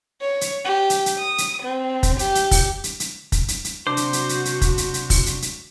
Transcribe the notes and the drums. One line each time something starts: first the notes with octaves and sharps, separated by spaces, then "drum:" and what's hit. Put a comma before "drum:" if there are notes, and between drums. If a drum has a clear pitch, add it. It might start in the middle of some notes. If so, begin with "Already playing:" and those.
C#5
drum: hi-hat
G4
drum: hi-hat
drum: hi-hat
D#6
drum: hi-hat
C4
drum: kick, hi-hat
G4, drum: hi-hat
drum: hi-hat
drum: kick, open hi-hat
drum: hi-hat
drum: hi-hat
drum: kick, hi-hat
drum: hi-hat
drum: hi-hat
C3 D4 F#4 C5 D6
drum: hi-hat
drum: hi-hat
drum: hi-hat
drum: hi-hat
drum: kick, hi-hat
drum: hi-hat
drum: hi-hat
drum: kick, open hi-hat
drum: hi-hat
drum: hi-hat